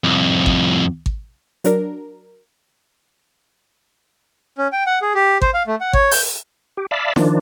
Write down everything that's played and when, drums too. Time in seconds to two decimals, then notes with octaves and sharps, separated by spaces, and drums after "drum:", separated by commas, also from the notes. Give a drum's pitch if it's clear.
0.04 C2 F2
0.46 drum: kick G#1
1.06 drum: kick G#1
1.64 F#3 D4 A#4, drum: hi-hat
4.58 C#4
4.73 G5
4.86 F#5
5.02 G#4
5.15 G4
5.42 C5, drum: kick G#1
5.54 F5
5.67 A3
5.81 F#5
5.93 C#5, drum: kick G#1
6.11 G6, drum: open hi-hat
6.77 G4
6.91 D5 E5 F5 A5 B5
7.16 D#3 F3 D4, drum: snare E4